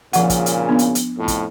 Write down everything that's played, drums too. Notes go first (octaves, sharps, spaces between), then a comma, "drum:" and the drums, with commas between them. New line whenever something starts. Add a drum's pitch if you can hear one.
G#1 A#2 C#3 F3 F#5, drum: hi-hat
drum: kick, hi-hat
drum: hi-hat
B3 D4
drum: hi-hat
drum: hi-hat
F2 A2
drum: kick, hi-hat